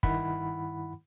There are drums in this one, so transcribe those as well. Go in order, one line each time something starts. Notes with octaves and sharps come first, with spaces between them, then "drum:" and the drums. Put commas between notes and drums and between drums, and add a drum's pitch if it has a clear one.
G2 D#3 E4 F#5 B5, drum: kick